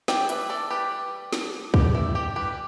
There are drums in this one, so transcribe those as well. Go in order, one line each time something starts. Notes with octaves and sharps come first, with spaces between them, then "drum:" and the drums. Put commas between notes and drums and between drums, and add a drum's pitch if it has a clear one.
E3 D5 G5, drum: snare
B4 E5, drum: hi-hat
E3 A4 D5
G4 B4
G3
D4, drum: snare
G3 G4, drum: kick
E4
G3 G4
G4 B4